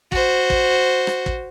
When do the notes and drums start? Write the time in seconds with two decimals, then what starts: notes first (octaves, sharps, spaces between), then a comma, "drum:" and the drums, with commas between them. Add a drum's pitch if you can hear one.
0.12 F#4 C5, drum: kick
0.50 drum: kick
1.07 drum: rim click
1.26 drum: kick